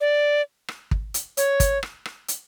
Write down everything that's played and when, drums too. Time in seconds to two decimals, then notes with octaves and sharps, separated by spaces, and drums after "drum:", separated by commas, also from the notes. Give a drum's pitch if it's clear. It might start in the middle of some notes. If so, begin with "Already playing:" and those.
0.01 D5
0.68 drum: rim click
0.91 drum: kick
1.14 drum: hi-hat
1.37 C#5, drum: hi-hat
1.60 drum: kick, hi-hat
1.83 drum: rim click
2.06 drum: rim click
2.28 drum: hi-hat